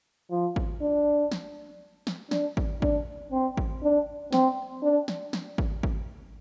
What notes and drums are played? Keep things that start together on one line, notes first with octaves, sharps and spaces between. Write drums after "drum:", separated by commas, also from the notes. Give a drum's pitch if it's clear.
F3
drum: kick G#1
D4
drum: snare
drum: snare
D4, drum: snare
drum: kick G#1
D4, drum: kick G#1
C4
drum: kick G#1
D4
C4, drum: snare
D4
drum: snare
drum: snare
drum: kick G#1
drum: kick G#1